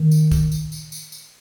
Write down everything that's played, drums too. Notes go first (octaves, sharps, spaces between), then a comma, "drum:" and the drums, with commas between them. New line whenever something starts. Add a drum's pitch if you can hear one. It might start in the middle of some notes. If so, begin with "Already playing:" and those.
Already playing: D#3
drum: tambourine
drum: kick, tambourine
drum: tambourine
drum: tambourine
drum: tambourine
drum: tambourine